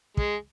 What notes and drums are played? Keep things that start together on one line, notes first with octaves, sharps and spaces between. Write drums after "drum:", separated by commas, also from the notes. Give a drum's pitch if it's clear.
G#3, drum: kick